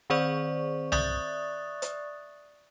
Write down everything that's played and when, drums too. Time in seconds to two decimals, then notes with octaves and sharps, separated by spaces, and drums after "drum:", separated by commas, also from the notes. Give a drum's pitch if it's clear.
0.10 D#3 C4 G#4 C5 D5 C#6
0.92 D5 E5 C#6 D#6 F#6 A6, drum: tom C2
1.82 drum: hi-hat